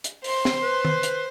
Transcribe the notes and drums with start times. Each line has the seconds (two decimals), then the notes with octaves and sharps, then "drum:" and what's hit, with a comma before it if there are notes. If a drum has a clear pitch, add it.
0.04 drum: hi-hat
0.24 C5 C6, drum: open hi-hat
0.45 drum: snare
0.62 B4
0.85 drum: tom D#3
1.03 drum: hi-hat